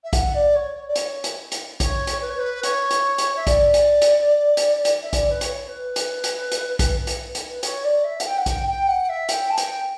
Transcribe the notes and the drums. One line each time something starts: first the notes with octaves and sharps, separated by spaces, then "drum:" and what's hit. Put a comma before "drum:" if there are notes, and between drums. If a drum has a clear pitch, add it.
E5
F#5, drum: kick B1, hi-hat
D5
C#5
C#5
D5
C#5, drum: hi-hat
drum: hi-hat
drum: hi-hat
C#5, drum: kick B1, hi-hat
drum: hi-hat
B4
C#5
B4
C#5, drum: hi-hat
drum: hi-hat
drum: hi-hat
E5
D5, drum: kick B1, hi-hat
drum: hi-hat
drum: hi-hat
drum: hi-hat
drum: hi-hat
E5
D5, drum: kick B1, hi-hat
B4
C#5, drum: hi-hat
B4
drum: hi-hat
drum: hi-hat
drum: hi-hat
drum: kick B1, hi-hat
drum: hi-hat
drum: hi-hat
B4
C#5, drum: hi-hat
D5
E5
F#5, drum: hi-hat
G5
F#5
G5, drum: kick B1, hi-hat
G5
F#5
E5
G5, drum: hi-hat
A5
G5, drum: hi-hat